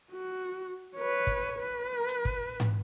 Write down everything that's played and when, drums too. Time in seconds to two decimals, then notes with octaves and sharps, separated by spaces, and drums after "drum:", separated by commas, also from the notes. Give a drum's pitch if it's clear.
0.12 F#4
0.95 B4 C#5
1.27 drum: kick
1.59 B4
2.08 drum: hi-hat
2.25 drum: kick
2.60 drum: tom G#2